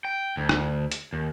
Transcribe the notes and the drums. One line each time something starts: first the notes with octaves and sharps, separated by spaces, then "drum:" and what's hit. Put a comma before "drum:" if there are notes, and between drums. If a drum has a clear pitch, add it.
G5
D2
drum: rim click
drum: hi-hat
D#2